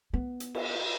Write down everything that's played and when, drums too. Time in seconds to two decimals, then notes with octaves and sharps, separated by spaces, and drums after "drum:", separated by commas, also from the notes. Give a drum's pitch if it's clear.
0.13 B3
0.40 drum: hi-hat
0.55 drum: cymbal